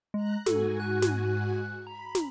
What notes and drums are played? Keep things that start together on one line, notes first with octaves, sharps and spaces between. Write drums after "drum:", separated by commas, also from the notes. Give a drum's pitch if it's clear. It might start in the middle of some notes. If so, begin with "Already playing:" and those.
G#3 A#5 F#6
G#2 F#4 A4 G#5, drum: snare
F#6
drum: snare
A#5 B5
drum: snare